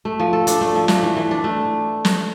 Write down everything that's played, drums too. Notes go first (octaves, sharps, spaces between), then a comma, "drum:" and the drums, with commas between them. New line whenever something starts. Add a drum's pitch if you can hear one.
A3
F3
A4
D4, drum: hi-hat
A3
F3
A3, drum: snare
E3
E3
D4
A3
drum: snare